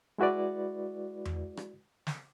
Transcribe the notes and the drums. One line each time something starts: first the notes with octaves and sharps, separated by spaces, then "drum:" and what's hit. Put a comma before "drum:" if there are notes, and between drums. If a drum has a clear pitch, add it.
G#3 E4 F#4 B4 D5
drum: tom E2
drum: rim click
drum: snare